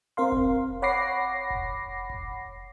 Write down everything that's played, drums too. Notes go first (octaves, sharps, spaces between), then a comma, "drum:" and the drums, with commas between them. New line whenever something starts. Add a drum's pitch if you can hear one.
C4 A#4 F5 C6
drum: kick F1
C#5 F#5 B5 D6 A#6 C7
drum: kick F1
drum: kick F1